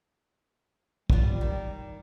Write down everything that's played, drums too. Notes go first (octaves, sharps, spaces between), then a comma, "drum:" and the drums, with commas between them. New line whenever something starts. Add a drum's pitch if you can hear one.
G3 D4 F4, drum: kick
D#3